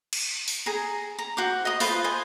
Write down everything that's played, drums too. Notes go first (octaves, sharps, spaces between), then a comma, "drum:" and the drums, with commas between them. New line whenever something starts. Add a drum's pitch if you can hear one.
drum: cymbal
drum: open hi-hat
G#4 A#5
A#5
F#4 C5 D6
D#5 D#6
F4 B4 C5 A5, drum: open hi-hat
C5 D#5 G#5